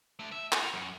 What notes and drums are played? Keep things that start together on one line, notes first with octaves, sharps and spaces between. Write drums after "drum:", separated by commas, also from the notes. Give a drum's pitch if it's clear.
D3 A3
E5
F4 F#4, drum: clap
F#2